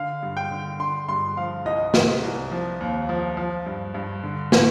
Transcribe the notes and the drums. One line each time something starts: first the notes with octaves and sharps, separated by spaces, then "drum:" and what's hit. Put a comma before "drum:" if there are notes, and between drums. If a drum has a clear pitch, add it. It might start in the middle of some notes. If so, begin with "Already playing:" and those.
Already playing: D3 F5
G2
G5
D3
D3 C6
G2 C6
F3 F5
C2 D#5
C3, drum: snare
C2
F3
D#2
F3
F3
G2
G2
D3
D3, drum: snare